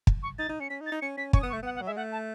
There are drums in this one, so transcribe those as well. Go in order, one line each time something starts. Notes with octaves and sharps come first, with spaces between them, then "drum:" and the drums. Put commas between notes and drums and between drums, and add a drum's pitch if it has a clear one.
drum: kick
C#6
D#4 A6
D#4
C#4 C#7
C#4 B6
D#4
A6
D#4
C#4 C#7
C#4 B6
C#4 C#6, drum: kick
B3 D#6
C#6
A3
B3 F#5
F#5
F#3
E5
G#3
A3 F#5
A5